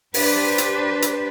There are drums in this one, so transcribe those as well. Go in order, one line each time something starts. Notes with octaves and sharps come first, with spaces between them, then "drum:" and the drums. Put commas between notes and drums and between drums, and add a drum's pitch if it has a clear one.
D4 G4 B4 C5, drum: open hi-hat
drum: hi-hat
drum: hi-hat